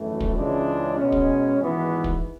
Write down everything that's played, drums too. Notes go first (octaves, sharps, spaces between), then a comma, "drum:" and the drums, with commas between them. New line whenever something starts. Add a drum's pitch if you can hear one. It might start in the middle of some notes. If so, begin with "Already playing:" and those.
Already playing: G#1 F#2 E3 A3
drum: kick
C#2 C#3 E3 G#3 D4
B2 G#3 C#4
drum: kick
G#1 G#2 E3 B3
drum: kick